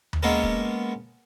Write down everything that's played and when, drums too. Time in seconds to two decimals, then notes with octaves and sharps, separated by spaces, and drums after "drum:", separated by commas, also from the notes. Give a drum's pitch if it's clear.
0.13 drum: tom D#2
0.23 G#3 A#3 B3 C#4 A4
0.43 drum: kick